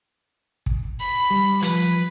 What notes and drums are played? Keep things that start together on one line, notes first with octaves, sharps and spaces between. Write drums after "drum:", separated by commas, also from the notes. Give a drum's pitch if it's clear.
drum: kick
B5
G3
F3 B4, drum: hi-hat